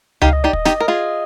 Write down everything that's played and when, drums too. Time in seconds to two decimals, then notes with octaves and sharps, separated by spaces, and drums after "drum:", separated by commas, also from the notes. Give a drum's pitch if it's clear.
0.22 D#4 G4 F5, drum: tom C#2
0.33 D#5
0.43 D#4 G4 D5
0.53 D#5, drum: kick
0.65 D#4 G4, drum: snare
0.80 A#4
0.88 F4 G#4